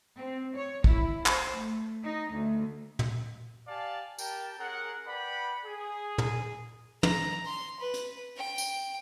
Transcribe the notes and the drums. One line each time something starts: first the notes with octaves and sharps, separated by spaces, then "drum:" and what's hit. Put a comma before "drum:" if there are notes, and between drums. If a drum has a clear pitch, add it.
C4
C#5
E4, drum: kick
C5, drum: clap
A3
D#4
D2
drum: tom
G4 D5 F5 G#5 A5
G4 A#4 G5 A5, drum: tambourine
C#4 G#4 A#4 F#5
B4 D5 F#5 G5 B5
G#4
drum: tom
A#5, drum: tom
C6
B4
drum: hi-hat
G5
drum: tambourine